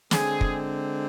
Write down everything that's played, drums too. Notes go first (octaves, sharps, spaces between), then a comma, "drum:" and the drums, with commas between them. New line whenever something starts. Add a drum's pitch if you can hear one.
D3 G#3 C4 G#4, drum: snare
drum: kick